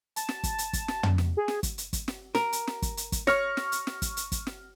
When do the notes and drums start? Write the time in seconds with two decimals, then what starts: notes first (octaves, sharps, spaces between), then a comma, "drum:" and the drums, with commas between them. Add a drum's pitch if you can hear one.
0.16 A5, drum: hi-hat
0.29 drum: snare
0.43 drum: kick, hi-hat
0.58 drum: hi-hat
0.73 drum: kick, hi-hat
0.88 drum: snare
1.03 drum: tom
1.18 drum: snare
1.37 G#4
1.48 drum: snare
1.63 drum: kick, hi-hat
1.78 drum: hi-hat
1.93 drum: kick, hi-hat
2.08 drum: snare
2.35 A#4, drum: snare
2.53 drum: hi-hat
2.67 drum: snare
2.82 drum: kick, hi-hat
2.97 drum: hi-hat
3.12 drum: kick, hi-hat
3.27 C#5 C#6 F6 A#6, drum: snare
3.57 drum: snare
3.72 drum: hi-hat
3.87 drum: snare
4.02 drum: kick, hi-hat
4.17 drum: hi-hat
4.32 drum: kick, hi-hat
4.47 drum: snare